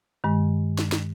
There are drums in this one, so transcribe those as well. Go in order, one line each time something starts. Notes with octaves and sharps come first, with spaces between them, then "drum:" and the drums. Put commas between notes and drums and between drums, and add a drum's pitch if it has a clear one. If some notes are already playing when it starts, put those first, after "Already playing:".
G2 D#3 G#3
drum: snare
drum: snare